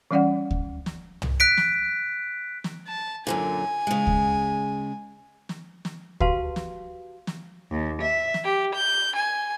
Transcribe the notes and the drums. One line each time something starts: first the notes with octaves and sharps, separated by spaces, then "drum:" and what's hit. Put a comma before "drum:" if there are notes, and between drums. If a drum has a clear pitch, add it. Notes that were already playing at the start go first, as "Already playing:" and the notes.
E3 G3 C#4 D5 F5 F#5
drum: kick D2
drum: snare
drum: tom
F#6 B6 D7
drum: snare
drum: snare
A5
F#2 A#2 D3 G#5
C#3 G#3
drum: kick D2
drum: snare
drum: snare
F#4 G4 B4 F5 A5 C6, drum: kick D2
drum: snare
drum: snare
D#2
E5
drum: snare
G4
G6
G#5